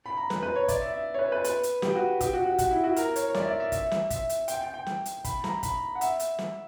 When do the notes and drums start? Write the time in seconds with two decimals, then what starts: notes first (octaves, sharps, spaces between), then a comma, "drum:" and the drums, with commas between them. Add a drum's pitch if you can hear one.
0.06 B5
0.17 A#5
0.30 B4, drum: snare
0.43 B4
0.56 C#5
0.68 D5, drum: kick, hi-hat
0.81 E5
0.93 E5
1.14 C#5
1.19 B4
1.32 B4
1.44 B4, drum: hi-hat
1.63 drum: hi-hat
1.82 G4, drum: snare
1.95 F#4
2.21 G4, drum: kick, hi-hat
2.33 F#4
2.46 F#4
2.58 F#4, drum: kick, hi-hat
2.71 E4
2.84 F#4
2.96 A#4, drum: hi-hat
3.16 C#5, drum: hi-hat
3.29 C#5
3.34 D5, drum: snare
3.42 E5
3.47 D5
3.60 E5
3.72 E5, drum: kick, hi-hat
3.91 drum: snare
4.10 E5, drum: kick, hi-hat
4.29 drum: hi-hat
4.48 G5, drum: hi-hat
4.61 G5
4.74 G5
4.86 drum: snare
5.05 drum: hi-hat
5.24 B5, drum: kick, hi-hat
5.44 A#5, drum: snare
5.63 B5, drum: kick, hi-hat
5.95 F#5
6.01 E5, drum: hi-hat
6.20 drum: hi-hat
6.39 drum: snare